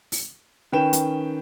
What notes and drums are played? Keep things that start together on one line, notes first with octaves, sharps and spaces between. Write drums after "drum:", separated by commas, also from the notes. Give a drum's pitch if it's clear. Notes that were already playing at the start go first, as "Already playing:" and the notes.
drum: open hi-hat
D#3 C#4 B4 G5 E7
drum: hi-hat